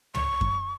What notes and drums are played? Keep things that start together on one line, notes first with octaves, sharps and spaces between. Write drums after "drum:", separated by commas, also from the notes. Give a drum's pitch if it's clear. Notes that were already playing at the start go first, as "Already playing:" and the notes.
C#6, drum: tom
drum: kick F#2